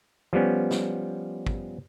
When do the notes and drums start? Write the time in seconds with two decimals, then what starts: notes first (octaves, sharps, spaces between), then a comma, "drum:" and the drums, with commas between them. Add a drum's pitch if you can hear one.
0.33 F3 G3 B3 C#4
0.71 drum: snare
1.47 drum: kick